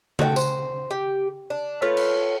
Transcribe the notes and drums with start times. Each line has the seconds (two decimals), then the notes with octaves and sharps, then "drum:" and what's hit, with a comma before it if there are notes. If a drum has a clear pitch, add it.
0.19 F#4 A4 D5 G5, drum: tom C#3
0.36 C5, drum: tambourine
0.91 G4
1.50 D4
1.82 A3 F4 B4 C#5
1.97 drum: cymbal